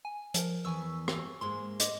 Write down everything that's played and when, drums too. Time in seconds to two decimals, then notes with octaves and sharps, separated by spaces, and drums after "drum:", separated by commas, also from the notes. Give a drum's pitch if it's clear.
0.05 G#5
0.34 F3 A#4, drum: hi-hat
0.65 E2 E3 G#5 C#6 E6
1.08 drum: rim click
1.41 G#2 G#3 A#3 C6
1.80 D#5 D6, drum: hi-hat